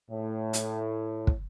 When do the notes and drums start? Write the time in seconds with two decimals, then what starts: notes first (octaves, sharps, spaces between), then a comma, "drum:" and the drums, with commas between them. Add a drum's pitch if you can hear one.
0.11 A2
0.53 drum: hi-hat
1.27 drum: kick